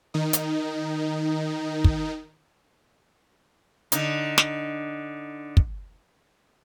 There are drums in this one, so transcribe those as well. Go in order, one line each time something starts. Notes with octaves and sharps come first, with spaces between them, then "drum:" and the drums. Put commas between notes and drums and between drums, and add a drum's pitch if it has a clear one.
D#3 D#4
drum: hi-hat
drum: kick
D3 D#4, drum: hi-hat
drum: snare
drum: kick